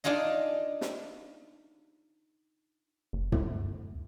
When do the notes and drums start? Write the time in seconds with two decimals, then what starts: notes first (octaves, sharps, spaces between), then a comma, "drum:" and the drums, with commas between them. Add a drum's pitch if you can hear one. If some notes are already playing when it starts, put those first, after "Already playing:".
0.04 D4 D#4 F4 G#4 D#5
0.81 drum: snare
3.13 F#1
3.32 D2, drum: tom